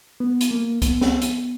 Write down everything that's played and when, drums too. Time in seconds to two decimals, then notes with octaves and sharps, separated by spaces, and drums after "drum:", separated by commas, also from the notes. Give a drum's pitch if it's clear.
0.20 B3
0.41 drum: hi-hat
0.51 A#3
0.82 B3, drum: kick C2, hi-hat
1.01 drum: snare
1.22 drum: hi-hat